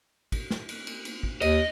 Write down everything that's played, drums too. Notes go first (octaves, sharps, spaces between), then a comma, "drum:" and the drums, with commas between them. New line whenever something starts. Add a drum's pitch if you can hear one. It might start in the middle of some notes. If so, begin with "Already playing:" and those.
drum: kick, cymbal
drum: snare
drum: cymbal
drum: cymbal
drum: cymbal
drum: kick
D#2 D#5, drum: cymbal